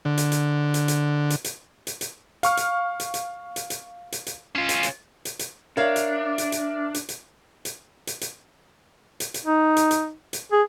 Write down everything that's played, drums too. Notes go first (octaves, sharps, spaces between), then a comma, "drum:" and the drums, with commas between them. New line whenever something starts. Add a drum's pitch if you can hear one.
D3
drum: hi-hat
drum: hi-hat
drum: hi-hat
drum: hi-hat
drum: hi-hat
drum: hi-hat
drum: hi-hat
drum: hi-hat
F5 C#6 F6, drum: hi-hat
drum: hi-hat
drum: hi-hat
drum: hi-hat
drum: hi-hat
drum: hi-hat
drum: hi-hat
drum: hi-hat
C#4 F4
drum: hi-hat
drum: hi-hat
drum: hi-hat
drum: hi-hat
D4 A#4 C#5 E5 F5
drum: hi-hat
drum: hi-hat
drum: hi-hat
drum: hi-hat
drum: hi-hat
drum: hi-hat
drum: hi-hat
drum: hi-hat
drum: hi-hat
drum: hi-hat
D#4
drum: hi-hat
drum: hi-hat
drum: hi-hat
G#4